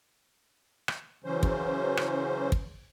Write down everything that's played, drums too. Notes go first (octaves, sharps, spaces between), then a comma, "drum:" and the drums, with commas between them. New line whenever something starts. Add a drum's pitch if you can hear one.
drum: rim click
C#3 E3 F#3 C#4 C5
drum: kick
drum: rim click
drum: kick